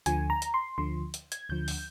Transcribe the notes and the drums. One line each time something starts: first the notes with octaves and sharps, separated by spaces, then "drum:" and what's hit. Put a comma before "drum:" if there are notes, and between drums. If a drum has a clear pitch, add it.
D2 D3 F3 G#5, drum: hi-hat
A#5
drum: hi-hat
C6
D2 D3 F3 C6
drum: hi-hat
G#6, drum: hi-hat
D2 D3 F3 G6
drum: open hi-hat